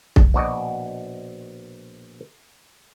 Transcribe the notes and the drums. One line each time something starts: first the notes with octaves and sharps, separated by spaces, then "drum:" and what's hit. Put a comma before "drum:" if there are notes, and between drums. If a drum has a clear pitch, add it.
drum: kick
A#1 B2 F#4 D5 D#5